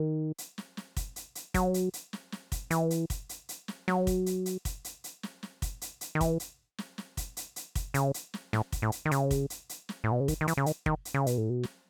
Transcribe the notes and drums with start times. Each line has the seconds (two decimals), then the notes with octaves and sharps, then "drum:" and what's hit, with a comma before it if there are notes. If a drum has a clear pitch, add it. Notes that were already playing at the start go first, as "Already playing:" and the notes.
Already playing: D#3
0.38 drum: hi-hat
0.58 drum: snare
0.77 drum: snare
0.97 drum: kick, hi-hat
1.16 drum: hi-hat
1.35 drum: hi-hat
1.54 F#3, drum: kick, hi-hat
1.74 drum: hi-hat
1.94 drum: hi-hat
2.13 drum: snare
2.32 drum: snare
2.52 drum: kick, hi-hat
2.71 E3, drum: hi-hat
2.90 drum: hi-hat
3.10 drum: kick, hi-hat
3.29 drum: hi-hat
3.49 drum: hi-hat
3.68 drum: snare
3.88 F#3, drum: snare
4.07 drum: kick, hi-hat
4.26 drum: hi-hat
4.46 drum: hi-hat
4.65 drum: kick, hi-hat
4.84 drum: hi-hat
5.04 drum: hi-hat
5.23 drum: snare
5.43 drum: snare
5.62 drum: kick, hi-hat
5.81 drum: hi-hat
6.01 drum: hi-hat
6.15 D#3
6.21 E3, drum: kick, hi-hat
6.40 drum: hi-hat
6.78 drum: snare
6.98 drum: snare
7.17 drum: kick, hi-hat
7.37 drum: hi-hat
7.56 drum: hi-hat
7.75 drum: kick, hi-hat
7.94 C#3, drum: hi-hat
8.14 drum: hi-hat
8.34 drum: snare
8.53 A2, drum: snare
8.72 drum: kick, hi-hat
8.82 A2
8.92 drum: hi-hat
9.05 D#3
9.11 C#3, drum: hi-hat
9.31 drum: kick, hi-hat
9.50 drum: hi-hat
9.69 drum: hi-hat
9.89 drum: snare
10.04 A2
10.12 B2
10.20 C#3
10.28 D#3, drum: kick, hi-hat
10.41 D#3
10.48 E3, drum: hi-hat
10.57 C#3
10.66 D#3, drum: hi-hat
10.86 D#3, drum: kick
11.05 drum: hi-hat
11.14 C#3
11.27 B2, drum: hi-hat
11.38 A2
11.50 B2
11.63 drum: snare